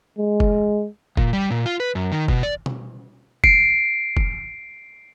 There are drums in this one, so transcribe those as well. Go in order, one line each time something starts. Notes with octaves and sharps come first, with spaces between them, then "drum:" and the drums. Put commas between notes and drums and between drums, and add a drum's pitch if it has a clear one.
G#3
drum: kick
A#2, drum: kick
G3
A#2
F4
B4
F#2
D#3
B2, drum: kick
D5
drum: tom B2
C7 D7, drum: kick
drum: kick